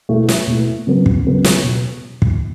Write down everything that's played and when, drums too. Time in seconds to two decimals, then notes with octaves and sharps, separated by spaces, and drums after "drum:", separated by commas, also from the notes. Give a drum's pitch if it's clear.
0.09 B2 A3 E4
0.29 drum: snare
0.47 B2 A3 E4
0.87 C#3 F#3 B3
1.06 drum: kick
1.25 C#3 F#3 B3
1.44 drum: snare
1.64 B2
2.22 drum: kick